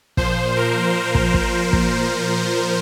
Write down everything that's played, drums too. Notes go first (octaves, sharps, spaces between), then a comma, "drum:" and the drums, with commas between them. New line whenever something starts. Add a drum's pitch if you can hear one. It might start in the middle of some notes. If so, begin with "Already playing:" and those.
A#2 F3 C5, drum: kick
A#4
drum: kick
drum: kick
drum: kick